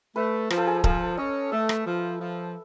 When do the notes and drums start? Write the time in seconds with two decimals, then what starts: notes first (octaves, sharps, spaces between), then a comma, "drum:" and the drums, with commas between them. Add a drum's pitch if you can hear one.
0.16 A3 B4
0.50 F3, drum: rim click
0.57 A4
0.67 G#4
0.84 F3 A4, drum: kick D1
1.17 C#4 D#5
1.52 A3 E5
1.69 drum: rim click
1.86 F3
2.20 F3